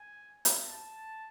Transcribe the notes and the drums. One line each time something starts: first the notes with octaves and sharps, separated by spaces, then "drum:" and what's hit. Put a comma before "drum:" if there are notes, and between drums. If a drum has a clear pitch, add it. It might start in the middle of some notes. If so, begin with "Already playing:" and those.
Already playing: G#5
drum: hi-hat
A5